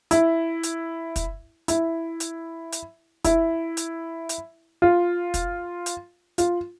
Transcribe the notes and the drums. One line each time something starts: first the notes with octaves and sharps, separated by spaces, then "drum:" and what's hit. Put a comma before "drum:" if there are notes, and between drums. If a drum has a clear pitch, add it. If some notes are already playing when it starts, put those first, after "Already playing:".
E4, drum: hi-hat
drum: hi-hat
drum: kick, hi-hat
E4, drum: hi-hat
drum: hi-hat
drum: hi-hat
E4, drum: kick, hi-hat
drum: hi-hat
drum: hi-hat
F4
drum: kick, hi-hat
drum: hi-hat
F4, drum: hi-hat